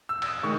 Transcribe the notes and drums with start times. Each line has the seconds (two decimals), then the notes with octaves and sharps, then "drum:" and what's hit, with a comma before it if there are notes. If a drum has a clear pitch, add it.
0.09 E6
0.22 E6, drum: cymbal
0.26 D#6
0.38 D#6
0.43 D#3 G#3 C#6